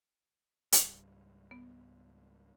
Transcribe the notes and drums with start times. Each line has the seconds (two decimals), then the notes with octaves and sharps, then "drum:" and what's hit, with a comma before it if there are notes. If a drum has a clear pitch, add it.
0.72 C#2 G#2 G3, drum: hi-hat
1.51 B3